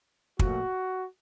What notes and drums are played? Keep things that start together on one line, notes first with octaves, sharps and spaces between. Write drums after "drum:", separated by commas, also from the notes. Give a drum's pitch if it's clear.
A#2 F3 A3 F#4, drum: kick